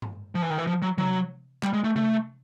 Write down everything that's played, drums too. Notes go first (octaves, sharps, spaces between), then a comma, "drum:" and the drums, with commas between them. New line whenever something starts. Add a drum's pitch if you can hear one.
drum: tom G2
F3
E3
D#3
E3
F3
F#3
F#3, drum: tom C3
G3, drum: clap
G#3
A3
A3, drum: tom C3